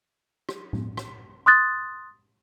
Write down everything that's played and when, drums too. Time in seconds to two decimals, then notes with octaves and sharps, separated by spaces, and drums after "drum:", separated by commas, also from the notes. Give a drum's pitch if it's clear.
0.49 drum: rim click
0.73 drum: tom A2
0.97 drum: rim click
1.46 C6 D#6 F#6 A6